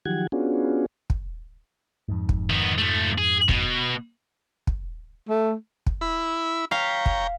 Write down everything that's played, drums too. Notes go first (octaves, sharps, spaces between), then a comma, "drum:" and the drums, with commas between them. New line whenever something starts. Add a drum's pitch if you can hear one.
D#3 F3 F#3 G4 F#5 G#6
B3 C#4 D4 F4 F#4 G#4
drum: kick
F2 G#2
drum: kick
D#3 B3
F3 A3
G#4
B2, drum: kick
drum: kick
A3
drum: kick
E4 B5
C#5 F5 G5 A#5 B6
drum: kick